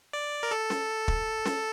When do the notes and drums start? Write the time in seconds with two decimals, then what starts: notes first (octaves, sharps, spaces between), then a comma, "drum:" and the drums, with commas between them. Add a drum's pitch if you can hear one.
0.13 D5
0.43 A#4
0.51 A4
0.70 drum: snare
1.08 drum: kick
1.46 drum: snare